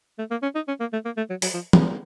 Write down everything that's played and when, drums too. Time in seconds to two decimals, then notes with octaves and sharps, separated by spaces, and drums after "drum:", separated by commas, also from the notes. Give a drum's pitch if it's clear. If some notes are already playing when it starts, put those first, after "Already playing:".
0.19 A3
0.31 A#3
0.43 C#4
0.55 D#4
0.68 C#4
0.80 A#3
0.93 A3
1.05 A#3
1.17 A3
1.30 F#3
1.42 F#3, drum: open hi-hat
1.54 F3
1.73 drum: tom E3